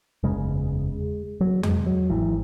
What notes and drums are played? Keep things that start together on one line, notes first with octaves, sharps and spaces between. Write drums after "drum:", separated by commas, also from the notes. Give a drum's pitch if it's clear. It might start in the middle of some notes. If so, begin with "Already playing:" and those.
F#1 E2 C#3 G#3
F#3
G#3, drum: tom E2
F#3
G#1 G#2 E3